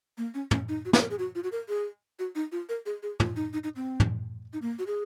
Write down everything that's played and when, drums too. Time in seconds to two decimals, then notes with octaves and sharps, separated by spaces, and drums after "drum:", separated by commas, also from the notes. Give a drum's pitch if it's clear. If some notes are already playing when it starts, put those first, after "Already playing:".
0.18 A#3
0.34 C#4
0.51 C#4, drum: tom
0.69 D#4
0.85 F#4
0.93 D#4, drum: snare
1.01 A#4
1.10 G#4
1.19 F#4
1.35 F4
1.43 F#4
1.52 A#4
1.69 G#4
2.19 F#4
2.35 D#4
2.52 F4
2.69 A#4
2.86 G#4
3.03 G#4
3.20 F4, drum: tom
3.36 D#4
3.53 D#4
3.64 D#4
3.76 C4
4.00 drum: tom
4.53 D#4
4.62 A#3
4.79 F#4
4.87 G#4